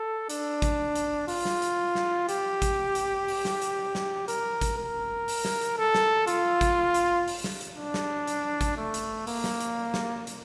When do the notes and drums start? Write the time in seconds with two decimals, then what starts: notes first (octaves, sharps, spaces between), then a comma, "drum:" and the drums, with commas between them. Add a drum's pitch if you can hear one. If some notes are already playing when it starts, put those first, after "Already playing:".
Already playing: A4
0.29 D4, drum: hi-hat
0.62 drum: kick, hi-hat
0.95 drum: hi-hat
1.28 F4, drum: open hi-hat
1.45 drum: snare
1.62 drum: hi-hat
1.95 drum: snare
2.29 G4, drum: hi-hat
2.62 drum: kick, hi-hat
2.95 drum: hi-hat
3.28 drum: open hi-hat
3.45 drum: snare
3.62 drum: hi-hat
3.95 drum: snare
4.28 A#4, drum: hi-hat
4.61 drum: kick, hi-hat
4.78 A#4
5.28 drum: open hi-hat
5.45 drum: snare
5.61 drum: hi-hat
5.78 A4
5.95 drum: snare
6.27 F4, drum: hi-hat
6.61 drum: kick, hi-hat
6.94 drum: hi-hat
7.28 drum: open hi-hat
7.44 drum: snare
7.61 drum: hi-hat
7.78 D4
7.94 drum: snare
8.27 drum: hi-hat
8.61 drum: kick, hi-hat
8.77 A3
8.94 drum: hi-hat
9.27 A#3, drum: open hi-hat
9.44 drum: snare
9.61 drum: hi-hat
9.94 drum: snare
10.27 drum: hi-hat